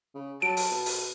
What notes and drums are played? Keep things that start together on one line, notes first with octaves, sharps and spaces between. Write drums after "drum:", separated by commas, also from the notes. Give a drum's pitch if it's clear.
C#3
F#3 A5 D7
drum: open hi-hat
B2
drum: open hi-hat